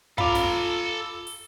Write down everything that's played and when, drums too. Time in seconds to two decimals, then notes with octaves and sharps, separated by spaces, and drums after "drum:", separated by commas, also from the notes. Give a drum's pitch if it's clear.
0.18 F4 A4 F5 A#5 B5 D6, drum: kick
0.35 drum: snare
1.27 drum: open hi-hat